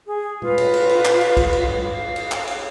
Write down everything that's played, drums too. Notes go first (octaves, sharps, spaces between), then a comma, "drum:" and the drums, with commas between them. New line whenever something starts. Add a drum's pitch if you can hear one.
G#4
F4 B4 F5, drum: tom A#2
drum: cymbal
drum: cymbal
drum: cymbal
drum: clap
drum: cymbal
drum: kick, cymbal
drum: cymbal
drum: tom G2
F5
drum: cymbal
drum: clap
drum: cymbal